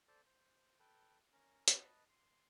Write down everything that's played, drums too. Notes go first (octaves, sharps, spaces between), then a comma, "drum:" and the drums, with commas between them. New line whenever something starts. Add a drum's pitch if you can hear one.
A4 C5 D5 A5
C5
A4 B4 G5
C#4 A#4
B4 D#5 A5, drum: hi-hat
C6